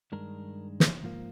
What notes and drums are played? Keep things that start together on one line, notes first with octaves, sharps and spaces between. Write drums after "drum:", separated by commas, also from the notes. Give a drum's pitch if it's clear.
G2 D#3 G#3 D4 A#4
drum: snare
G#2 F3 A#3